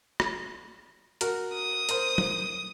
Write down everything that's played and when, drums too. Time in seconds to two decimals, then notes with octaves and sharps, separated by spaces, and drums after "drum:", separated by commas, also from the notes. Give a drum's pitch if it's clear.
0.20 drum: rim click
1.21 F#4 A#4, drum: hi-hat
1.55 D#6
1.89 A#4 C5, drum: hi-hat
2.18 drum: tom